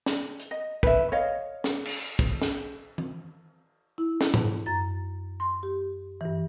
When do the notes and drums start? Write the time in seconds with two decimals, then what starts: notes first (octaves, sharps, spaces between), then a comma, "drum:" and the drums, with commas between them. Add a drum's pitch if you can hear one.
0.06 drum: snare
0.40 drum: hi-hat
0.51 D#5
0.83 B4 E5, drum: kick
1.12 C#5 D#5 F5
1.64 drum: snare
1.85 drum: cymbal
2.19 drum: kick
2.42 drum: snare
2.98 drum: tom E3
3.98 E4
4.21 drum: snare
4.34 drum: tom G#2
4.66 F#2 A#5 A6
5.40 C6
5.63 G4
6.21 G2 E3